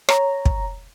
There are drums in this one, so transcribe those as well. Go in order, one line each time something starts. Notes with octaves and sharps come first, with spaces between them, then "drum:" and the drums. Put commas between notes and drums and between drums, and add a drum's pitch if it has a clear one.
C#5 A#5, drum: rim click
drum: kick